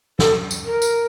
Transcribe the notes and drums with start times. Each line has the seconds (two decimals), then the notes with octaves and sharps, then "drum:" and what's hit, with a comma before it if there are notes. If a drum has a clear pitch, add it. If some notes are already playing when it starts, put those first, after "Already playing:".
0.19 A4, drum: snare
0.51 drum: tambourine
0.66 A#4
0.82 drum: tambourine